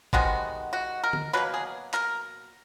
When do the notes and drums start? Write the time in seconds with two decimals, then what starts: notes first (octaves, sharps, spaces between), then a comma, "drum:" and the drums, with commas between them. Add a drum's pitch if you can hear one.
0.13 C3 D#3 G#3 B3 F#4, drum: kick
0.73 F#4
1.04 A#4
1.13 drum: tom D3
1.33 B2 F#3 A#3 B4
1.54 G#4
1.94 A#4, drum: clap